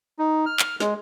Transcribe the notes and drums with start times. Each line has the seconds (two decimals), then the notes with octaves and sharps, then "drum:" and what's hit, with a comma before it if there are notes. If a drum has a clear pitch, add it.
0.19 D#4
0.46 F6
0.59 drum: clap
0.80 G#3, drum: snare